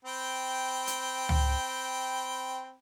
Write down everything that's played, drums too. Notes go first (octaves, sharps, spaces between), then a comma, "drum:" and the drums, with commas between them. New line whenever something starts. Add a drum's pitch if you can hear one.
C4 G5 B5
drum: hi-hat
drum: tom